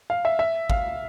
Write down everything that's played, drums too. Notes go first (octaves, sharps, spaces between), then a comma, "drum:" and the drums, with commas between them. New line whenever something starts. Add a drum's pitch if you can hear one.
F5
E5
E5
F5, drum: kick